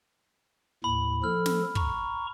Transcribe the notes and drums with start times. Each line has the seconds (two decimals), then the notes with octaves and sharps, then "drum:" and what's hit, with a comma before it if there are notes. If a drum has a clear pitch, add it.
0.84 D#2 A2 B5
1.24 F3 A4 F6
1.46 drum: snare
1.75 A#5 C#6, drum: kick